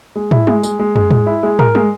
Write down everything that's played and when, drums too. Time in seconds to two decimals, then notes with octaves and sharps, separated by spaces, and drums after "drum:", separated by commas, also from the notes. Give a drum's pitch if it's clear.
0.16 G#3
0.31 E4, drum: tom
0.47 G#3, drum: tom
0.63 G#3, drum: tambourine
0.79 G#3
0.96 G#3, drum: tom
1.11 G#3, drum: tom
1.26 E4
1.43 G#3
1.59 A#4, drum: tom
1.75 G#3, drum: tom